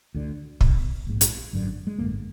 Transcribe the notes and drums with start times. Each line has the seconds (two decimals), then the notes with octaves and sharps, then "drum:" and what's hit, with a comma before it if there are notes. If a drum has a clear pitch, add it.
0.14 D2 D3
0.61 B1 B2, drum: kick
1.07 A#1 G#2
1.21 drum: hi-hat
1.53 G#1 F#2 D3
1.87 G#3
1.98 G#1 F#2 D3 A#3